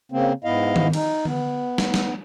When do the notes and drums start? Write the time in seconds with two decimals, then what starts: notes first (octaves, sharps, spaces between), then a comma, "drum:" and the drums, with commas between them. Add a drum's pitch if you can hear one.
0.12 C#3 A#3 C4
0.44 G#2 B3 E4 D#5 F5
0.76 drum: tom D#3
0.93 D#4, drum: cymbal
1.25 B3, drum: tom D3
1.78 drum: snare
1.94 drum: snare